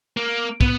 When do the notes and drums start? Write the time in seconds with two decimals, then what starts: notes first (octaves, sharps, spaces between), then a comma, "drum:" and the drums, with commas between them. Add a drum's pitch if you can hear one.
0.17 A#3
0.61 B3, drum: kick